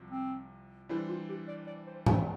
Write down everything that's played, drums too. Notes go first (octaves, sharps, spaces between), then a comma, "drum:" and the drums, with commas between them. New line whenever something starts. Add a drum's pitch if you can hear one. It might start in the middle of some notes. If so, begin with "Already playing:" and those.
Already playing: C2 C3 F3
C4
E3 G3 D4 E4 A4 C5
F4
G4
D5
D5
C5
C5, drum: tom G#2